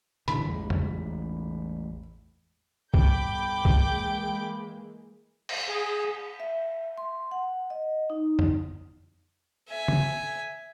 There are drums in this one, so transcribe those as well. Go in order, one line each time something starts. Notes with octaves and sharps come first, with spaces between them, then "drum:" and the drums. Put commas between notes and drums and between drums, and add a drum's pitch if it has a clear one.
A#2 D3 E3 B5, drum: hi-hat
A1 E2 G#3
drum: tom F2
B1 G2 B2 G5 B5 D6 G6, drum: kick C2
E3 G#3 A#3, drum: kick C2
drum: cymbal
G#4
E5
C6
F#5
D#5
D#4
drum: tom F2
E5 G#5
drum: tom